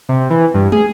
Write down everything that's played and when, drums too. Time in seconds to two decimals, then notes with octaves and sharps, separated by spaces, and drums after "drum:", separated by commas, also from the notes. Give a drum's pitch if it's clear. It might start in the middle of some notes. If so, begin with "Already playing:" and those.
0.09 C3
0.30 E3
0.54 G2
0.72 G#4, drum: tom